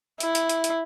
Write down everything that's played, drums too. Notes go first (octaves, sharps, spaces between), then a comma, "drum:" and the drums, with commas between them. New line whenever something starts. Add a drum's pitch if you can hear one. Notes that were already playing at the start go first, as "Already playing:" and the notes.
E4, drum: hi-hat
drum: hi-hat
drum: hi-hat
drum: hi-hat